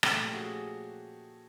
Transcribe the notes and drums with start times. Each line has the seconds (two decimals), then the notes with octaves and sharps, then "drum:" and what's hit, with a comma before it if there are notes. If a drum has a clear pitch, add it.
0.03 A#2 F3 A3 C#4 G4 A4, drum: rim click
0.34 F#4 G#4